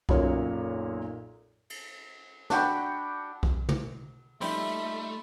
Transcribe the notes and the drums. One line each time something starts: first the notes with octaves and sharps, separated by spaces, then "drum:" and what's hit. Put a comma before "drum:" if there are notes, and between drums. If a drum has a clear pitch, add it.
B1 F#2 A#2 A#3 C#5, drum: kick B1
drum: cymbal
D4 F#4 G5 B5, drum: snare
drum: kick B1
drum: tom
F3 G3 A3 D#4 E5 B5 C6, drum: open hi-hat